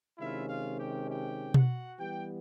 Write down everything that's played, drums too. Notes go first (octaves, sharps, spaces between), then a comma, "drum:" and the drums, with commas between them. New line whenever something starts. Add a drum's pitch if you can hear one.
C3 D#3 G#3 C#4 E4 F4 E5
F4 F5
G4 G5
G4 G5
F#4 F#5, drum: tom B2
E3 G3 B3 G4 G5